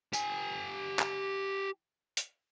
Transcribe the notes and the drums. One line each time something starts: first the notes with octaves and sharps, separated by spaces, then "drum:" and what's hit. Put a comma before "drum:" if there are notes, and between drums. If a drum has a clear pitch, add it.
G4 G#5, drum: tambourine
drum: clap
drum: hi-hat